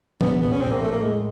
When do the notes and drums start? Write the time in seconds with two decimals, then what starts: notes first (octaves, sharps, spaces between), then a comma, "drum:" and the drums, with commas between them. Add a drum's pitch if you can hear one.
0.21 A#1 B3, drum: tom E3
0.41 A#1 B3
0.52 C#4
0.61 A#1 C4
0.71 A#3
0.81 A2 A3
0.92 A#3
1.01 A2 G#3